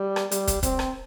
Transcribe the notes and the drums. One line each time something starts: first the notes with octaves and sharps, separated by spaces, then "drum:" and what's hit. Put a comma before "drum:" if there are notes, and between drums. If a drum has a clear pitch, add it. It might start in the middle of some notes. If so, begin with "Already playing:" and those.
Already playing: G3
drum: rim click
G3, drum: hi-hat
drum: kick, hi-hat
C4, drum: kick, hi-hat
drum: rim click